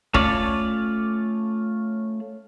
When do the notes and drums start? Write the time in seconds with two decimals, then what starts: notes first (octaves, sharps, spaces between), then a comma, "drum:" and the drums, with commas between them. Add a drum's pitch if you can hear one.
0.14 A3 C#4 F4 C#5 D5, drum: kick